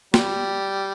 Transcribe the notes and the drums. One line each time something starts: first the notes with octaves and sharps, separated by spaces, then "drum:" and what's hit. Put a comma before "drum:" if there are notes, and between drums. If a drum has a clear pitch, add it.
G3, drum: snare